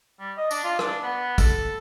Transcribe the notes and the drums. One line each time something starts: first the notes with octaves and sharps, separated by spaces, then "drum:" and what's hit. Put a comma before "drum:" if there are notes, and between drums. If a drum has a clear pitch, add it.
G3
D#5
D4, drum: tambourine
F4
D4, drum: rim click
B3
A4, drum: kick A1, tambourine